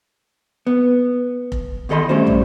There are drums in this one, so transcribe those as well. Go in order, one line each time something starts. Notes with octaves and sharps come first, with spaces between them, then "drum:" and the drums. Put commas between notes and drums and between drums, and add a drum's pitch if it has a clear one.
B3
drum: kick F1
E2 D#3 A4 D#5 B5 C6
G3 A3 C#4 F#4 C5
drum: tom